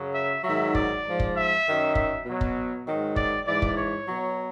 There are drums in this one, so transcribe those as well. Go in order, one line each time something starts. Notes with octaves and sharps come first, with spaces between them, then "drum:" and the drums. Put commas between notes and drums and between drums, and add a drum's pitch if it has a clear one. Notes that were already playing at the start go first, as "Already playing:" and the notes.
Already playing: F#2 C#3 F#3
E5
G#2 D#3 F#3 E5
D5, drum: kick
G#2 F3
drum: kick
E5
F#2 D#3 F#3
E5, drum: kick
B2 F#3
drum: kick
G#2 D#3 F#3
D5, drum: kick
G#2 E3 D5
drum: kick
C#5
B2 F#3